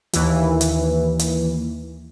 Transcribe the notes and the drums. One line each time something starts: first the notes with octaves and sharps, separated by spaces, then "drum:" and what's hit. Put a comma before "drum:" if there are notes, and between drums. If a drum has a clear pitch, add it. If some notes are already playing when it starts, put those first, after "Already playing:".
D#2 E3, drum: hi-hat
drum: hi-hat
drum: hi-hat